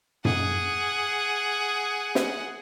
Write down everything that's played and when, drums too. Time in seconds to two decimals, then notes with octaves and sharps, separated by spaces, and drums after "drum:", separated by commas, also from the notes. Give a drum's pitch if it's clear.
0.25 G#4 F#5, drum: tom F#2
2.15 drum: snare